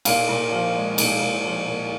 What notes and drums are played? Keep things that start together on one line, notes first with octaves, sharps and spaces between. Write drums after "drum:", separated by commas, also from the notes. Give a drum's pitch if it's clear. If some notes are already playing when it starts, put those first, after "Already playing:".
A#2 F5, drum: cymbal
A#2
F3
G#3
A#2, drum: cymbal
A#2
F3
A#2